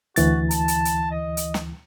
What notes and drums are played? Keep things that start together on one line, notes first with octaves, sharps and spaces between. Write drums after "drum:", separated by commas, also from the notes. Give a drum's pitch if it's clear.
D2 E3 F#4 A6, drum: hi-hat
A5, drum: hi-hat
drum: hi-hat
drum: hi-hat
D#5
drum: hi-hat
drum: snare